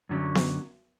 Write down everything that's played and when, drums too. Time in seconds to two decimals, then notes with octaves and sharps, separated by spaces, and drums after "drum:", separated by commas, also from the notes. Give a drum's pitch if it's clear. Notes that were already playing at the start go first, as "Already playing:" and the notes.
0.09 F#2 D3 F#3 C#4
0.35 drum: snare B3